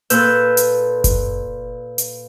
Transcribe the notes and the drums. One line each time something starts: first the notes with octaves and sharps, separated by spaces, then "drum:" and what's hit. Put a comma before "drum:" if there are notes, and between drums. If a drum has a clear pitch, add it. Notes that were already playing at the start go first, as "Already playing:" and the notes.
A#2 A4 B4 E6 G6, drum: hi-hat
drum: hi-hat
drum: kick F#1, hi-hat
drum: hi-hat